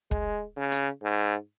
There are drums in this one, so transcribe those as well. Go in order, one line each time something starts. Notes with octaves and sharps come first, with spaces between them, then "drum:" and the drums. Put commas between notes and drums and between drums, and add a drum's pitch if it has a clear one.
G#3, drum: kick
C#3
drum: hi-hat
G#2